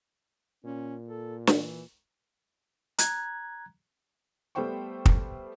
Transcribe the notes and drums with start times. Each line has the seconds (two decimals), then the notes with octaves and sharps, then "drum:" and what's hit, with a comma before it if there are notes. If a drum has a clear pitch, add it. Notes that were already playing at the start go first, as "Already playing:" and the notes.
0.65 A#2 C#4
1.08 A4
1.47 E3, drum: snare
2.99 A#5 F#6 G#6, drum: hi-hat
4.55 G3 A3 B3 C5 G5 C#6
5.06 drum: kick